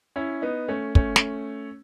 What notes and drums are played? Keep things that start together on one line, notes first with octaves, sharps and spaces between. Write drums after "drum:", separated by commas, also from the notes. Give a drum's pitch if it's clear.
C#4 E4
B3 D#4
A3 C#4
A3 C#4, drum: kick
drum: snare